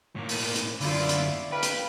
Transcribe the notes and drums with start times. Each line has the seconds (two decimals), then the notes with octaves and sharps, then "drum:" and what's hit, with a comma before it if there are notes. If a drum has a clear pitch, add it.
0.16 A2 A#3
0.29 drum: open hi-hat
0.56 drum: hi-hat
0.81 F#2 D3 E4 F4 D5, drum: open hi-hat
1.09 drum: hi-hat
1.52 B4 F5 G5
1.63 drum: hi-hat